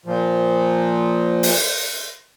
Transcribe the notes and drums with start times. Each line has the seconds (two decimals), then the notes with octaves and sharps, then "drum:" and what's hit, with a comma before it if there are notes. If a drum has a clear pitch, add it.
0.06 A#2 F3
1.43 drum: open hi-hat